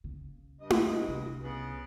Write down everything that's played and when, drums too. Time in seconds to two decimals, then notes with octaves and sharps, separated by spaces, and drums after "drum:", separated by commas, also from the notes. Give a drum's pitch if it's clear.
0.04 C#3
0.61 G2 D#5
0.70 drum: tom E4
1.08 C2
1.42 C#3 B3